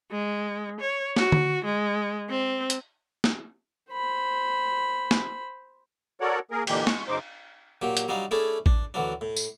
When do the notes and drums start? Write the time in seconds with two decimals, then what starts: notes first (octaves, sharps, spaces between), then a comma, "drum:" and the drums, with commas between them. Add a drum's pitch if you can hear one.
0.11 G#3
0.80 C#5
1.17 F#4, drum: snare
1.32 drum: tom D3
1.65 G#3
2.29 C4
2.70 drum: hi-hat
3.24 drum: snare
3.93 C5 B5
5.11 drum: snare
6.20 F#4 A4 A#4 C#5 D5 F#5
6.51 A#3 G#4 A#4
6.67 A#2 D3 E3 G#3 A#3 G4, drum: cymbal
6.87 G#3 C#6, drum: snare
7.08 F#2 C#3 D#4 C5 D6
7.81 A#2 F#3 G4
7.97 drum: hi-hat
8.08 F#3 G3 D4 D#4 F5
8.31 A3 C#4 D4 E4 G#4 A4
8.66 D4, drum: kick A1
8.94 D2 E3 F#3 D4
9.21 A2
9.36 drum: tambourine